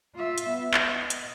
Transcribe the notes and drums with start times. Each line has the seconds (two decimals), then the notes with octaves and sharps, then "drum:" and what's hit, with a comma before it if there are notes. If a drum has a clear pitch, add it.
0.15 F4 E5
0.38 drum: hi-hat
0.49 B3
0.74 drum: clap
0.92 D#5
1.10 drum: hi-hat